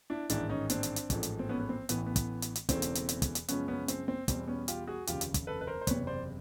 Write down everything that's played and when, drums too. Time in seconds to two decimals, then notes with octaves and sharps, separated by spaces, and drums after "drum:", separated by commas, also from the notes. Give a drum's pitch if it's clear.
0.10 D4 E4
0.30 A1 G#2 D#3 D4 E4, drum: hi-hat
0.49 C#4 D#4
0.70 C4 D4, drum: hi-hat
0.83 drum: hi-hat
0.96 drum: hi-hat
1.10 A1 G#2 F3 A3, drum: kick, hi-hat
1.23 drum: hi-hat
1.39 C4
1.49 B3 C#4
1.59 B3
1.69 C4
1.89 A1 A2 E3 B3, drum: hi-hat
2.06 B3
2.16 drum: kick, hi-hat
2.42 drum: hi-hat
2.55 drum: hi-hat
2.69 E1 E2 C#3 E3 A3 C4, drum: kick, hi-hat
2.82 drum: hi-hat
2.95 drum: hi-hat
3.09 drum: hi-hat
3.22 drum: kick, hi-hat
3.35 drum: hi-hat
3.48 F#2 C#3 F3 G#3 B3 C#4, drum: hi-hat
3.68 B3 C#4
3.88 C4, drum: hi-hat
4.08 C4
4.28 E2 B2 G3 C4, drum: kick, hi-hat
4.47 B3 C#4
4.68 F4 G4, drum: hi-hat
4.88 F#4 G#4
5.07 F1 D#2 C#3 F4 G4, drum: hi-hat
5.21 drum: hi-hat
5.34 drum: kick, hi-hat
5.47 A4 B4
5.61 B4
5.67 A#4 C5
5.81 C5
5.87 F#1 E2 C3 B4 C#5, drum: kick, hi-hat
6.07 C5 D5